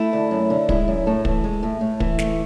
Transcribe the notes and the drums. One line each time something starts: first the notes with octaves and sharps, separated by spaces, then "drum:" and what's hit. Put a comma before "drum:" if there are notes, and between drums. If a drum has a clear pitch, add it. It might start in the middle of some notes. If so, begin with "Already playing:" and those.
Already playing: A3 E4
D2
F#2
D3
G#3 E4, drum: kick
F#2
A2 A4
E3, drum: kick
G#3
A2
A2
E3, drum: kick
A3, drum: snare